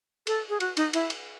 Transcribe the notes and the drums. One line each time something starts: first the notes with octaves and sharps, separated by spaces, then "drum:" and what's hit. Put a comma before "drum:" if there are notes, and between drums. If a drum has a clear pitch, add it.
A4, drum: cymbal
G#4
F#4, drum: cymbal
D#4, drum: cymbal
E4, drum: cymbal
drum: cymbal